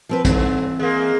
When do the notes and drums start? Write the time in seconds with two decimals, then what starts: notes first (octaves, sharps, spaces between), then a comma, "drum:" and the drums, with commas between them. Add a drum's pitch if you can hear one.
0.09 F3 C4 B4
0.25 G2 E3 C4, drum: kick, hi-hat
0.79 G#3 A#3